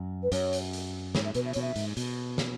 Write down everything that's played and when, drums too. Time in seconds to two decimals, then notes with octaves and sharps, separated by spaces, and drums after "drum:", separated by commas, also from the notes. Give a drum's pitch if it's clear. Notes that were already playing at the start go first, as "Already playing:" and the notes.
Already playing: F#2
0.22 B4
0.32 F#2 C#5, drum: hi-hat
0.53 drum: hi-hat
0.73 drum: hi-hat
1.15 G#2 C#5, drum: snare
1.24 E5
1.34 B2 B4, drum: hi-hat
1.45 E5
1.53 B2 C#5, drum: hi-hat
1.61 E5
1.76 G#2, drum: hi-hat
1.97 B2, drum: hi-hat
2.38 drum: snare